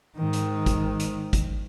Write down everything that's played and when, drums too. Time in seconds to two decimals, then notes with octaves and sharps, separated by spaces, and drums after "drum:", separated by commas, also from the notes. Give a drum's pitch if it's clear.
0.16 G#2 D#3
0.33 drum: hi-hat
0.66 drum: kick G#1, hi-hat
1.00 drum: hi-hat
1.33 drum: kick G#1, hi-hat